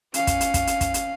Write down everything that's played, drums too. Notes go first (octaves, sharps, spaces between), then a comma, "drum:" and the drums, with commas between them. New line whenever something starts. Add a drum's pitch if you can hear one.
C#4 F5, drum: hi-hat
drum: kick, hi-hat
drum: hi-hat
drum: kick, hi-hat
drum: hi-hat
drum: kick, hi-hat
drum: hi-hat